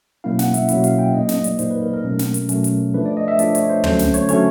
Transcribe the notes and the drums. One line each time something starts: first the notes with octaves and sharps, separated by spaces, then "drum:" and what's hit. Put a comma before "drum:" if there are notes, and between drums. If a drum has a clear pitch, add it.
B2 F#3 A#3 C#4 E4 F5
F#5, drum: snare
E5, drum: hi-hat
B2 F#3 A#3 C#4 E4 E5, drum: hi-hat
F5, drum: hi-hat
G5
A#2 F#3 A#3 D#4 D#5
D#5, drum: snare
D5, drum: hi-hat
A#2 F#3 A#3 D#4 C5, drum: hi-hat
B4
A#4
A#4
B2 F#3 A3 C#4
drum: snare
drum: hi-hat
B2 F#3 A3 C#4, drum: hi-hat
drum: hi-hat
F3 A3 D4 B4
D5
D#5
E5
F3 A3 D4 D5, drum: hi-hat
C#5, drum: hi-hat
C5
D3 F#3 A3 C#4 C5, drum: tom
drum: snare
C#5, drum: hi-hat
D3 F#3 A3 C#4 C#5, drum: hi-hat